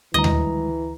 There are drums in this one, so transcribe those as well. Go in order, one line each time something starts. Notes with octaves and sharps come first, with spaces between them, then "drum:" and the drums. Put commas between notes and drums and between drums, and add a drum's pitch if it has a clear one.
D2 D#3 E3 G3 G#3 D#5 A#5
drum: tom D#2